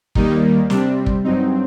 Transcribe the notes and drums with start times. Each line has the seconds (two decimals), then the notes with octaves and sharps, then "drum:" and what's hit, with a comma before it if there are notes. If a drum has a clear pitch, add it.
0.15 D#2 D#3 G3 A#3 D#4, drum: kick
0.70 C3 G3 C4 D4, drum: snare
1.06 drum: kick
1.24 G2 F#3 C4 D#4